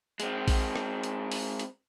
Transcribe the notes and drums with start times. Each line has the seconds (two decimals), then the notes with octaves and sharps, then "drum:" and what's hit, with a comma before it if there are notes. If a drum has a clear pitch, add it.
0.20 G#3 C4, drum: hi-hat
0.48 drum: kick A#1, open hi-hat
0.76 drum: rim click
1.04 drum: hi-hat
1.31 drum: open hi-hat
1.59 drum: hi-hat